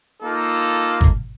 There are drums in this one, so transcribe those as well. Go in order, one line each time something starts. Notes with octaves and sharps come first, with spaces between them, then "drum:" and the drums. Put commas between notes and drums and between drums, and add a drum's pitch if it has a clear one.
A#3 D#4 F4 A4
drum: kick G1